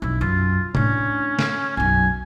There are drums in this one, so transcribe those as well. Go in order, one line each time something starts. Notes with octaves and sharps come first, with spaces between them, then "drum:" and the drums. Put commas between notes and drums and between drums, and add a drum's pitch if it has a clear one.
B1 F2 E4
F#2 F4
A2 C#4 D4, drum: tom
drum: snare
B1 F#2 G#5